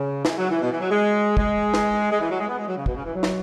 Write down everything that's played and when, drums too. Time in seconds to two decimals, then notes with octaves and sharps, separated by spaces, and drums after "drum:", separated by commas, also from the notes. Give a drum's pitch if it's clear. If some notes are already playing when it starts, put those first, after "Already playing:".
Already playing: C#3
0.25 E3, drum: snare
0.37 F#3
0.50 E3
0.61 B2
0.71 E3
0.80 F#3
0.90 G#3
1.37 G#3, drum: kick
1.74 drum: snare
2.11 G#3
2.20 E3
2.30 F#3
2.39 G#3
2.48 B3
2.58 G#3
2.67 F#3
2.76 C#3
2.86 B2, drum: kick
2.95 C#3
3.04 E3
3.14 F#3
3.23 drum: snare